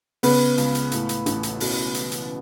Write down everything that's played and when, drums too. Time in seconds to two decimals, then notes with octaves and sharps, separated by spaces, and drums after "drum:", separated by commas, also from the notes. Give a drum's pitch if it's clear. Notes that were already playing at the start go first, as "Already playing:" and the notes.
0.23 C#3 B3 B4, drum: open hi-hat
0.58 C#2, drum: hi-hat
0.75 drum: hi-hat
0.92 A2, drum: hi-hat
1.09 drum: hi-hat
1.26 A1, drum: hi-hat
1.43 drum: hi-hat
1.60 B2, drum: open hi-hat
1.94 drum: hi-hat
2.12 drum: hi-hat